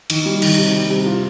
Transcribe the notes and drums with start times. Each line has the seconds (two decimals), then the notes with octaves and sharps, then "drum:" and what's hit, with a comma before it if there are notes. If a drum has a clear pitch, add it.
0.10 D#3, drum: cymbal
0.26 G3
0.42 D#3, drum: cymbal
0.58 C3
0.74 G3
0.90 C3
1.06 F4